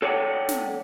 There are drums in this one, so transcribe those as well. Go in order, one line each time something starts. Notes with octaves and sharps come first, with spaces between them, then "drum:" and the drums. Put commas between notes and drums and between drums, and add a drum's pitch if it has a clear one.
A4 C#5 D5 E5 F#5 G5
drum: snare